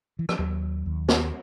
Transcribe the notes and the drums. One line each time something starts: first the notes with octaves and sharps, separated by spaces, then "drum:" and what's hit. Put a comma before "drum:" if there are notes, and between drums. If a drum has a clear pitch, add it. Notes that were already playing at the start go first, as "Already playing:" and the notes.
E3
F3, drum: rim click
D#2 F#3
D#2
drum: snare